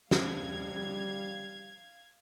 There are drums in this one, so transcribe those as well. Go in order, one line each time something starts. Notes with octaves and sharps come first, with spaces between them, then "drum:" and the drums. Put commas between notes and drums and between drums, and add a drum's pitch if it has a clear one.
G3 F5 G#6, drum: snare